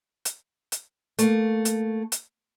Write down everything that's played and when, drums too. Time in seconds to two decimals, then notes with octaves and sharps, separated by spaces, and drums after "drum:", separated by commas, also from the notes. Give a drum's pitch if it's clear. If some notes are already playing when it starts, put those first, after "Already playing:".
0.25 drum: hi-hat
0.72 drum: hi-hat
1.19 A3 A#3, drum: hi-hat
1.65 drum: hi-hat
2.12 drum: hi-hat